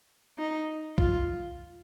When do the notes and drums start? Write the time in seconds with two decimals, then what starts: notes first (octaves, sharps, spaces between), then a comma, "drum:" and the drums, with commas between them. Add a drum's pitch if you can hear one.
0.38 D#4
0.98 F4, drum: kick